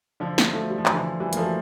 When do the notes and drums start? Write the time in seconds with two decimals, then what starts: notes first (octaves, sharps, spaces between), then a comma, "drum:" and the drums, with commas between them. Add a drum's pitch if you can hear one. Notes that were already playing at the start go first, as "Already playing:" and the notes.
0.20 D3 F3
0.38 drum: snare
0.53 F3 A3
0.70 G3
0.78 F3
0.86 E3, drum: clap
0.94 D3 F3
1.20 E3 G3
1.33 A#3, drum: hi-hat
1.37 F3 A3